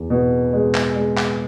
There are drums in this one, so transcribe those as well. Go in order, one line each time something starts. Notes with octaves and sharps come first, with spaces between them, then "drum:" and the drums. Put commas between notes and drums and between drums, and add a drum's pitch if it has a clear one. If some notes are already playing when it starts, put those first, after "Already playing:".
Already playing: E2
B2
G#3
drum: clap
G#3
drum: clap